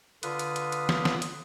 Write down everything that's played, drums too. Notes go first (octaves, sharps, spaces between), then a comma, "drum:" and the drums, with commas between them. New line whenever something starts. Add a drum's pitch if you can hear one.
D3 F4 B4 D#6, drum: hi-hat
drum: hi-hat
drum: hi-hat
drum: hi-hat
drum: snare
drum: snare
drum: hi-hat